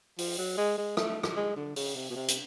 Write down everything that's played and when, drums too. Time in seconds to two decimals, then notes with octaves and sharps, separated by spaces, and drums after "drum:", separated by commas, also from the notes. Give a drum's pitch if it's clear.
0.18 F3, drum: open hi-hat
0.38 F#3
0.58 G#3
0.77 G#3
0.97 A3, drum: rim click
1.23 drum: rim click
1.36 G#3
1.56 D3
1.76 C#3, drum: open hi-hat
1.95 C3
2.10 B2
2.16 C3
2.28 drum: hi-hat